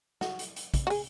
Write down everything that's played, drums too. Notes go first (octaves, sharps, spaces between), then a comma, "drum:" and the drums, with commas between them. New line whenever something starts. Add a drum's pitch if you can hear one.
F#4, drum: snare
drum: hi-hat
drum: hi-hat
drum: kick, hi-hat
F#4
G#4, drum: open hi-hat